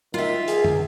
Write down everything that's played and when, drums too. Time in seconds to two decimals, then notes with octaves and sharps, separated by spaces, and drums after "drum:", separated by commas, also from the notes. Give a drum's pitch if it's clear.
0.14 D#3 F4 E5
0.48 G#4, drum: hi-hat
0.64 drum: tom